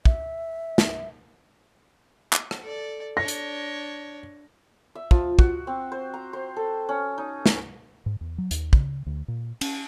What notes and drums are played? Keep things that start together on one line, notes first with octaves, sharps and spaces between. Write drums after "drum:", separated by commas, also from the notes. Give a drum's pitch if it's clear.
E5, drum: kick
drum: snare
drum: clap
drum: rim click
A4 D5
D4 C#5 A#6
drum: hi-hat
E5
F3, drum: kick
F#4, drum: kick
C4
C5
A#5
C5
A4
C#4
D#4
A#5, drum: snare
G#2
E2
F#3
D#2, drum: hi-hat
C#3, drum: kick
D2
A#2
C#4, drum: cymbal